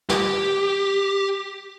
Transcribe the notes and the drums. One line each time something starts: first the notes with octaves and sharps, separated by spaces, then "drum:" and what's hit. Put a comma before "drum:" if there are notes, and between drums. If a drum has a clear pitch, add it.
G4, drum: snare